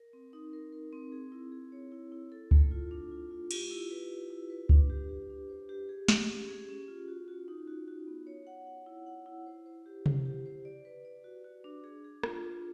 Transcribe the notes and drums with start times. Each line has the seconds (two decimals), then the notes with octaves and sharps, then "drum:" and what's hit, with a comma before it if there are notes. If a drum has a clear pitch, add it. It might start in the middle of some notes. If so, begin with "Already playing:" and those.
Already playing: A#4
0.13 C4
0.33 D#4
0.53 A#4
0.73 A#4
0.93 C4
1.12 G#4
1.32 E4
1.52 G#4
1.72 C#5
1.92 E4
2.12 E4
2.32 A4
2.51 A3, drum: kick C#2
2.71 F4
2.91 D4
3.11 F4
3.31 F4
3.51 G4, drum: cymbal
3.71 E4
3.91 B4
4.10 B4
4.30 E4
4.50 B4
4.69 D4, drum: kick C#2
4.90 G4
5.09 G4
5.30 D4
5.49 C5
5.69 G4
5.89 G#4
6.08 G#4, drum: snare
6.29 C#4
6.49 G#4
6.69 C#4
6.88 F4
7.08 F#4
7.28 F#4
7.48 D#4
7.67 F#4
7.88 F#4
8.07 B3
8.27 C#5
8.47 F#5
8.67 F#5
8.86 E4
9.06 F#5
9.26 E4
9.46 C5
9.66 C5
9.86 G4
10.06 C5, drum: tom C3
10.26 G4
10.46 C5
10.65 D5
10.85 B4
11.05 D5
11.24 F#4
11.45 F#4
11.64 D4
11.84 G#4
12.04 G#4
12.23 F4, drum: rim click
12.43 G#4